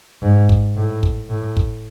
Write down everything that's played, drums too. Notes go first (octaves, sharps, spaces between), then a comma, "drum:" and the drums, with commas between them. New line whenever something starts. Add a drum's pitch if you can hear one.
G#2
drum: kick
A2
drum: kick
A2
drum: kick